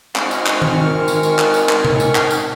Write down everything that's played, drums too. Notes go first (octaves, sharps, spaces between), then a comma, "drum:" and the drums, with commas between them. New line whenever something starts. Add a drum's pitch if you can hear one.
G#3 C4 D#4 C#6 F6, drum: clap
drum: tambourine
drum: clap
drum: tom D#3
A#4
drum: tambourine
drum: tambourine
drum: clap
drum: tambourine
drum: clap
drum: tom C3
drum: tambourine
drum: clap
drum: tambourine